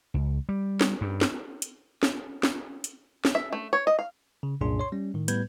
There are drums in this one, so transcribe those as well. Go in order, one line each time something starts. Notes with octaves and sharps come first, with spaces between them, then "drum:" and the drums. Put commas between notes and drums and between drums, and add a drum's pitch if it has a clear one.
C#2
G3
drum: snare
G2
drum: snare
drum: hi-hat
drum: snare
drum: snare
drum: hi-hat
drum: snare
E5
A3
C#5
D#5
F5
C#3
C2 F#2 A#2 D4 G#4 C6
C#5 C6
G3 C#4
A2 D#3
A2 G3 B3 B4 G6 G#6, drum: hi-hat